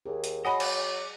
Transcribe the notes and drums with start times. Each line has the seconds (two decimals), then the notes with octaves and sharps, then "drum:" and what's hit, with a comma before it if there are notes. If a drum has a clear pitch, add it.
0.06 D#2 G#4
0.24 drum: hi-hat
0.45 F#3 D#5 F#5 G#5 B5
0.60 D5, drum: cymbal